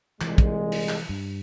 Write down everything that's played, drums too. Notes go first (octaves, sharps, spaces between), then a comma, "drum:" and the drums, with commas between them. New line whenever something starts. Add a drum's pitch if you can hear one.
C2 A#2 E3 G#3, drum: clap
drum: kick, hi-hat
drum: open hi-hat
drum: clap
G2